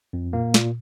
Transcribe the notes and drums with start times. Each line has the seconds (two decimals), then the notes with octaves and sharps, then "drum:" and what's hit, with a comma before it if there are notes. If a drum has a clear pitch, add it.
0.13 F2
0.33 A#2 A#3
0.54 A#2, drum: snare